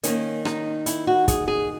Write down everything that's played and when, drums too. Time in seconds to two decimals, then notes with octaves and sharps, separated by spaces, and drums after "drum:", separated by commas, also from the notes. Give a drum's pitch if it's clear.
0.03 D#3 A#3 C#4, drum: hi-hat
0.45 D#4, drum: rim click
0.86 E4, drum: hi-hat
1.07 F#4
1.28 G#4, drum: kick, hi-hat
1.48 G#4